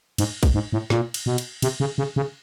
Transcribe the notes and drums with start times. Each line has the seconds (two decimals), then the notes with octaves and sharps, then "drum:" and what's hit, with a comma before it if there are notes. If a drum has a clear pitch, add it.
0.18 G#2, drum: cymbal
0.43 drum: kick, cymbal
0.54 G#2
0.72 A2
0.90 A#2, drum: snare
1.14 drum: cymbal
1.26 B2
1.38 drum: cymbal
1.62 C3, drum: cymbal
1.80 C#3
1.98 C#3
2.16 C#3